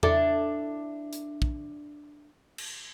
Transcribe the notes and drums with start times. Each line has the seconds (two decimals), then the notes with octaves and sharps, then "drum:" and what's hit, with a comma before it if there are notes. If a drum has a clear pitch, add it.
0.03 D4 E4 A4, drum: tom E2
1.13 drum: hi-hat
1.42 drum: kick
2.58 drum: cymbal